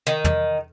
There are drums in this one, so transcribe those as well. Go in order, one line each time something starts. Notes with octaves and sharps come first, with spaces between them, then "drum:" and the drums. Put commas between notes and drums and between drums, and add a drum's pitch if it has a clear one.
D#3
drum: tom